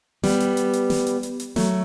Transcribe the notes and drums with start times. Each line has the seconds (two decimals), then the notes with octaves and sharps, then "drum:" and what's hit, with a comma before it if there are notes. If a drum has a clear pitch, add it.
0.24 G3 B3, drum: snare
0.40 drum: hi-hat
0.57 drum: hi-hat
0.73 drum: hi-hat
0.90 drum: snare
1.07 drum: hi-hat
1.23 drum: hi-hat
1.40 drum: hi-hat
1.56 F#3 A3, drum: snare